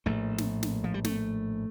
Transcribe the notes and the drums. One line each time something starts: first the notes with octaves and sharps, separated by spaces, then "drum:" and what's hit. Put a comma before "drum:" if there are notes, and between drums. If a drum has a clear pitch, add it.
A#1 A2 A3
drum: snare
drum: snare
F3
G3
A3, drum: snare